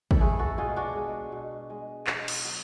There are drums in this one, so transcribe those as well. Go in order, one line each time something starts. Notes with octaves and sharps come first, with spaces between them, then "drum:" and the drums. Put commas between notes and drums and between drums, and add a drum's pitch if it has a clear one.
A4, drum: kick
A3 G#4 B4
F#4 A4
B2 F4 G#4
D4 F#4
G#3
B2
G#3
B2, drum: clap
drum: cymbal
F#3